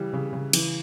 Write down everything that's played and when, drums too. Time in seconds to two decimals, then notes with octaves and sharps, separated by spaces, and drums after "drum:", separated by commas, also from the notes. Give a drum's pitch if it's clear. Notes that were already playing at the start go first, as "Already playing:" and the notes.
Already playing: C#3 E3 G3
0.13 C#3
0.33 C#3
0.53 E3, drum: cymbal